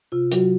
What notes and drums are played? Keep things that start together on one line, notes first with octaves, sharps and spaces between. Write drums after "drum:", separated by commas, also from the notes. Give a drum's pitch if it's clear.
C3 F4
F#3 F#4, drum: hi-hat